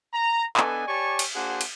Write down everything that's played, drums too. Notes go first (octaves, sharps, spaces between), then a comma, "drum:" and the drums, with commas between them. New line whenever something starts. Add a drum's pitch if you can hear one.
A#5
B3 D4 A4 B4 D#5 G#5, drum: clap
G4 C#5 D5 G#5 A5 C#6
drum: cymbal
A#3 D4 F#4 G#4 C5 F#5
drum: cymbal